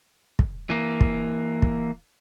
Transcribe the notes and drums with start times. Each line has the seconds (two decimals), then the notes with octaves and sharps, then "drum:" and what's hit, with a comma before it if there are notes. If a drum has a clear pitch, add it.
0.39 drum: kick
0.70 E3 A#3
1.01 drum: kick
1.62 drum: kick